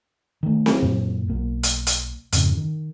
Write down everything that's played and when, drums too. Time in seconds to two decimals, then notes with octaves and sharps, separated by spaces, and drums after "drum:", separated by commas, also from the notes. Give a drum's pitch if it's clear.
0.43 D#3 A3
0.66 drum: snare C4
0.82 F#2 A#2 F#3 A#3
1.28 B1 A#3
1.63 drum: hi-hat
1.87 drum: hi-hat
2.33 F2 G#2 C#3, drum: hi-hat
2.57 D#3